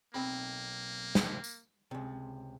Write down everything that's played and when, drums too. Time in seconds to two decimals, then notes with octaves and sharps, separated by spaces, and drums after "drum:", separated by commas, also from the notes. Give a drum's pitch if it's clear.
0.14 B1 A#3 C4 B5
1.15 drum: snare
1.44 drum: tambourine
1.91 C#2 C3